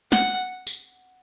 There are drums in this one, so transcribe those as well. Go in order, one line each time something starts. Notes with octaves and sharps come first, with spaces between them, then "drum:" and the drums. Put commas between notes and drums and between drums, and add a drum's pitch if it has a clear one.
F#5, drum: snare
drum: tambourine